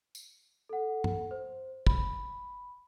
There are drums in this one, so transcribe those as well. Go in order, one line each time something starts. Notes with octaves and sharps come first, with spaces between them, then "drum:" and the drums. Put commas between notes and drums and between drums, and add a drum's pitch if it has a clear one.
drum: tambourine
A4 F#5
drum: tom
C5
B5, drum: kick